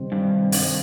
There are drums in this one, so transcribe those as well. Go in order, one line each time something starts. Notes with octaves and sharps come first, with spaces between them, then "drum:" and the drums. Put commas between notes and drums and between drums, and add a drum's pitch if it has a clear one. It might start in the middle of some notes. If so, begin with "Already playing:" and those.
Already playing: C3 D#3 G3 C4
G2
G2, drum: open hi-hat